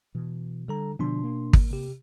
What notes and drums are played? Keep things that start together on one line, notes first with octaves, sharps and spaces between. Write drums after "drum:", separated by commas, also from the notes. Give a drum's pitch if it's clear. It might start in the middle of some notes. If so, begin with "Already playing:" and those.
B2 E3
D3 G3 A4 A#5
B2 D3 F3 B3 D4 C6
A#3
drum: kick
C3 G4